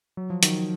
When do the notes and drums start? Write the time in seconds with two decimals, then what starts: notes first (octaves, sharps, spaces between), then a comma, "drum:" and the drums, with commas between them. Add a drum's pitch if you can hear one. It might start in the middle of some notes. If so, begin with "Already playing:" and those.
0.17 F#3
0.30 F3
0.43 D#3 F#3, drum: hi-hat